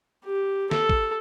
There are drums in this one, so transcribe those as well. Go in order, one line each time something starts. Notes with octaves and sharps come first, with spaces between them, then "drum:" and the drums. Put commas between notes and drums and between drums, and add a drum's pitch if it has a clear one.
G4
A4, drum: snare
drum: kick